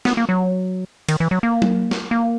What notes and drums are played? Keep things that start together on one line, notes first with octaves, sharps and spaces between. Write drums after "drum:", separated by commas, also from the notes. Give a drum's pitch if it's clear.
B3, drum: snare
A#3
F#3
D#3, drum: cymbal
E3
F#3
A#3
drum: tom F#3
drum: snare
A#3